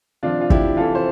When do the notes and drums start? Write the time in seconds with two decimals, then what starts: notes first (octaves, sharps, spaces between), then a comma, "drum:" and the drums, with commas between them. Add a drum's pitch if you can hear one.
0.23 C3 F3 D4 F4
0.41 F4
0.50 E4 G4, drum: kick
0.77 C3 E3 F4 A4
0.95 C5